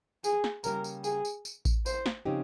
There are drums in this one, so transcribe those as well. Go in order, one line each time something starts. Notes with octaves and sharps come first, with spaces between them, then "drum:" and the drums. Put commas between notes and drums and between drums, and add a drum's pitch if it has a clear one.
G#4, drum: tambourine
drum: snare
C#3 G3 A#3 A#4, drum: tambourine
drum: tambourine
G#4, drum: tambourine
drum: tambourine
drum: tambourine
drum: kick A1, tambourine
C5, drum: tambourine
drum: snare
C#3 F3 C4 D#4 G4